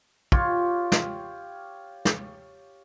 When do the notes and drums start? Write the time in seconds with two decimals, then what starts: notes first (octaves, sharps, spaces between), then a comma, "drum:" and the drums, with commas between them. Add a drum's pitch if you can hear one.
0.32 F4 G4 C#5, drum: kick
0.92 drum: snare
2.05 drum: snare